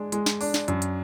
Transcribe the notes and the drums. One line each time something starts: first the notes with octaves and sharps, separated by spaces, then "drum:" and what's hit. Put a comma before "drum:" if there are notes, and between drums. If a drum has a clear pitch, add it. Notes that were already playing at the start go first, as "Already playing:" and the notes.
Already playing: G#3 D4
G#3, drum: hi-hat
drum: snare
D4, drum: open hi-hat
drum: snare
F#2, drum: hi-hat
drum: hi-hat